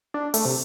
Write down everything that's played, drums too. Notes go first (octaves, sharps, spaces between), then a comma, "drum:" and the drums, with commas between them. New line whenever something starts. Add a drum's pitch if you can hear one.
D4
A3, drum: open hi-hat
C3